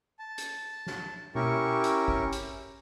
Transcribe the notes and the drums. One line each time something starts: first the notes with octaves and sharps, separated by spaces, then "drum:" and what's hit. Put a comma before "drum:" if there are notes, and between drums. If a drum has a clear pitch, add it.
A5
drum: hi-hat
drum: snare
C#4 E4 G4 A#4 C#6, drum: tom B2
drum: hi-hat
drum: kick G#1
drum: hi-hat